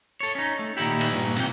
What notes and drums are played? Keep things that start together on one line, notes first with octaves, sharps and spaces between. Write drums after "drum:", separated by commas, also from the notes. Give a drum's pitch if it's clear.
A4 C#5
C#4 D#4
A3
A#2 D#3 D#4 E4 G4
drum: cymbal
G2 A#2
C3 E3 C#4 F5 G5, drum: cymbal